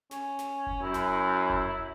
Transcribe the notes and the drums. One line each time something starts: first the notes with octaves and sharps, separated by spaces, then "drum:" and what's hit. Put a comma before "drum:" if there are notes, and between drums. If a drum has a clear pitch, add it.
C#4, drum: snare
drum: snare
drum: kick F1
F#2 E4
drum: snare
drum: kick F1